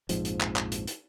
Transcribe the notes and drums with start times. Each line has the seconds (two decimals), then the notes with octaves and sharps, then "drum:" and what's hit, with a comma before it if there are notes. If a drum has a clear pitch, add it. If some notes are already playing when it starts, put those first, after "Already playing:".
0.09 A#1 F2 G#2 F3, drum: hi-hat
0.25 drum: hi-hat
0.41 drum: clap
0.56 drum: clap
0.72 drum: hi-hat
0.88 drum: hi-hat